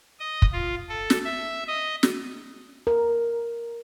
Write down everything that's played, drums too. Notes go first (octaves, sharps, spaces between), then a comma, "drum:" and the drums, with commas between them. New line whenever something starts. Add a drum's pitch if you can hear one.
D#5
drum: kick
F4
A4
drum: snare
E5
D#5
drum: snare
A#4